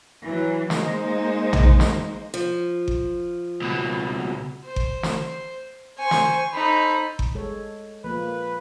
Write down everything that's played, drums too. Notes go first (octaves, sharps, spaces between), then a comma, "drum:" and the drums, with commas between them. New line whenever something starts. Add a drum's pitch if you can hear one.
E3 F#3
G#3 A#3 D#4 C5, drum: snare
drum: tom
drum: snare
F3
drum: kick G1
C#2 B2
C5
drum: kick G1
drum: snare
C5 G#5 C#6
drum: snare
D#4 A4 C5 B5
drum: kick G1
G#3 A4 C#5
F3 A#3 B4